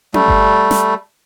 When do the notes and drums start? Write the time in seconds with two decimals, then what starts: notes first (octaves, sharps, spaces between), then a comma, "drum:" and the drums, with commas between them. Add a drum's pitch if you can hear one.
0.14 G3 A3, drum: tom C#4
0.28 drum: kick G1
0.71 drum: snare